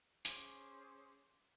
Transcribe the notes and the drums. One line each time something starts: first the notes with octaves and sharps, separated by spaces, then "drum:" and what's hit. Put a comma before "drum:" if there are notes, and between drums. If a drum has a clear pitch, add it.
C#4 G#4 C5 D6, drum: hi-hat